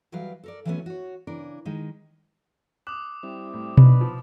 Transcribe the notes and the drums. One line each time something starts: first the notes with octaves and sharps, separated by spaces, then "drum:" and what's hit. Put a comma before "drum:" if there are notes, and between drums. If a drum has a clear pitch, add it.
E3 F#3 G3 A#4 B4 F5
A4 A#4 D5
E3 F#3 G3 A3 B3 C#4
F#4 C#5
C#3 E3 D4 A#4
D#3 G#3 D#4
D6 D#6 F#6
G3 C4 E4
A2
D4 D#4 B4, drum: tom B2
B2 F3